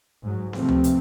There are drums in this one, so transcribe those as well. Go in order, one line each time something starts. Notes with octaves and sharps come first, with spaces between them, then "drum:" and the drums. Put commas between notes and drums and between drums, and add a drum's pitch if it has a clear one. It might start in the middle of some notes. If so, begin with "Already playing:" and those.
G#2 F#3
C3 E3 F3 A3 C4, drum: snare B3
drum: tom C#2
drum: hi-hat